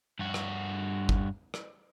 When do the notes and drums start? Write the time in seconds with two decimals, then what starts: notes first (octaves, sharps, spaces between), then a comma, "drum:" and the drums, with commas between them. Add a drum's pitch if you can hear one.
0.19 G2 F#4
0.34 drum: rim click
1.09 drum: kick G1
1.54 drum: rim click